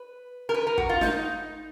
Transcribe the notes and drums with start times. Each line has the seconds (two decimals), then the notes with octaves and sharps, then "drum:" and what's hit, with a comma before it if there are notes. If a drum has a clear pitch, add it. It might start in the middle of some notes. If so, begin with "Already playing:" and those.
Already playing: B4
0.49 A#4
0.54 B4
0.67 A#4
0.78 F#4, drum: kick
0.89 F4
1.01 D#4, drum: snare